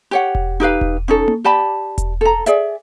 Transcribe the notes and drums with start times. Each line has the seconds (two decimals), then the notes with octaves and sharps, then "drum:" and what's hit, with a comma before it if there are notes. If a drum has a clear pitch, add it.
0.11 G4 C#5 F#5
0.35 drum: kick E1
0.60 D#4 G4 B4 F5
0.81 drum: kick E1
1.08 C#4 D#4 A4
1.28 drum: tom A#3
1.44 G4 D5 A5 B5
1.98 drum: kick E1, hi-hat
2.21 A4 A#5
2.46 G#4 D5 E5, drum: hi-hat